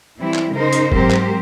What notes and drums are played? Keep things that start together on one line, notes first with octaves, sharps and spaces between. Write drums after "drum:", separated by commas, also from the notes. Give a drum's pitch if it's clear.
E3 G3 C4 E4
drum: clap
C#3 D#4 A#4 C5
drum: hi-hat
G#2 F#3 C4 G4 A#4 C5, drum: kick F1
drum: clap